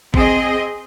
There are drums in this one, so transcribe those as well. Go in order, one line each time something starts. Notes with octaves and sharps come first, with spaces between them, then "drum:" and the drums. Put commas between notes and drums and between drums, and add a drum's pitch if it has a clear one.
C4 G#4 D#5, drum: kick